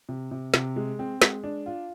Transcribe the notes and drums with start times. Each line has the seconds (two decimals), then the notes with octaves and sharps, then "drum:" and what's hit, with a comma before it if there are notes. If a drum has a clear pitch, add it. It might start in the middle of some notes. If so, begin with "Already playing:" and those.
0.09 C3
0.31 C3
0.54 C3, drum: snare
0.76 G#3
0.99 C4
1.22 G#3, drum: snare
1.44 D4
1.66 F4